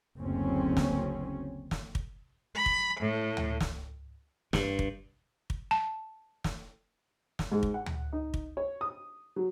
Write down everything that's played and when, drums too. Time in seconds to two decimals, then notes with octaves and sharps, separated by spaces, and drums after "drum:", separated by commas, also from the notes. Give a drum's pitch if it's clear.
0.18 F#1 D2 C4 C#4
0.77 drum: snare
1.71 drum: snare
1.95 drum: kick
2.55 B5
2.66 drum: kick
3.00 A2
3.37 drum: tom D2
3.60 drum: snare
4.53 G2, drum: snare
4.79 drum: kick
5.50 drum: kick
5.71 A5
6.44 drum: snare
7.39 drum: snare
7.52 G#2
7.63 drum: kick
7.74 F#5
7.86 drum: tom D2
8.13 D#4
8.34 drum: kick
8.57 C#5
8.81 D#6
9.36 F#3